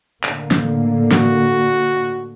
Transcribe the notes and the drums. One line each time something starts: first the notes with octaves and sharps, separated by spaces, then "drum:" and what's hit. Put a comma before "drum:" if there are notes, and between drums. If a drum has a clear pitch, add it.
A2 D3 A#3, drum: clap
drum: snare
F#4, drum: snare